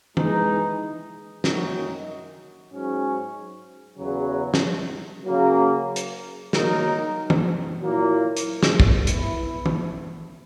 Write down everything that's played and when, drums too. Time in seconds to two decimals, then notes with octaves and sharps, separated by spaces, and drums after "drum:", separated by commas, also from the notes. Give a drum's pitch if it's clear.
0.17 E3 G#3 D#4, drum: tom
1.44 F#2 D#3 A#3 D#4 F#4, drum: snare
2.71 G#2 F#3 C#4
3.98 E2 C#3 F#3
4.54 drum: snare
5.25 C#3 F#3 A#3
5.96 drum: hi-hat
6.53 D#3 F#3 A#3 D#4 A#4, drum: snare
7.30 drum: tom
7.80 A#2 F#3 A#3 E4
8.37 drum: hi-hat
8.63 drum: snare
8.80 drum: kick
9.07 E3 B3 E4, drum: hi-hat
9.66 drum: tom